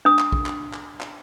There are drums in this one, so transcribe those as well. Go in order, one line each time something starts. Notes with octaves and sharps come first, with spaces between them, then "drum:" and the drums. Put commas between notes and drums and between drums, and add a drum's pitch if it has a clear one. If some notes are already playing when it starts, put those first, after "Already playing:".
D4 D#6
drum: clap
drum: kick A#1
drum: clap
drum: clap
drum: clap